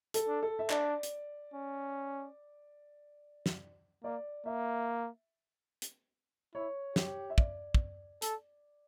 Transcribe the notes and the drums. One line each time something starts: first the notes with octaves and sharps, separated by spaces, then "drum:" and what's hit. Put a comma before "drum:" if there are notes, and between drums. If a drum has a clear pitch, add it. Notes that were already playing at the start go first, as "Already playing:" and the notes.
A4, drum: hi-hat
D4
A4
E5
D4 D5, drum: clap
drum: hi-hat
C#4
drum: snare
A#3 D5
A#3 E5
drum: hi-hat
E4 C#5
G4, drum: snare
E5
D5, drum: kick
drum: kick
A4, drum: hi-hat